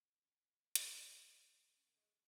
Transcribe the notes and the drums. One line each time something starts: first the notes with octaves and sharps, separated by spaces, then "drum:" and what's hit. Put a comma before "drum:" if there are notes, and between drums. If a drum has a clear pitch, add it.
F#3 C#4
drum: hi-hat
F#3 C#4
A#3
G#3